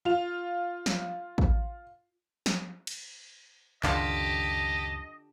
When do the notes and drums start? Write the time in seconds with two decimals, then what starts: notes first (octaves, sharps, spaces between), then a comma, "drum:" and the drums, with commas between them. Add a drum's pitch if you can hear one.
0.05 F4 F7
0.86 drum: snare
1.38 drum: kick A1
2.46 drum: snare
2.87 drum: cymbal
3.83 C#2 F#2 D3 D#3 F4 G4 D#5 A5, drum: clap